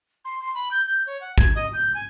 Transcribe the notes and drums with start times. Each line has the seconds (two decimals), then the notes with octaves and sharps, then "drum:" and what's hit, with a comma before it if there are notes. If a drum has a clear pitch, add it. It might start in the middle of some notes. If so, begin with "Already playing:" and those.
0.25 C6
0.41 C6
0.55 B5
0.71 G6
0.86 G6
1.07 C#5
1.21 F#5
1.38 G#6, drum: kick
1.55 D#5
1.73 G6
1.95 G#5